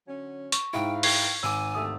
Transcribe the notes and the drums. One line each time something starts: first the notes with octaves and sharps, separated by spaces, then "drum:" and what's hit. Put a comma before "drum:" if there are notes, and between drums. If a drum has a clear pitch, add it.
D3 F#3 C#4
C#6, drum: hi-hat
G#2 E4 F5 G5
G5 C#6 G#6 C7, drum: open hi-hat
G#1 G#5 D6 E6
D2 C3 A3 D#6 E6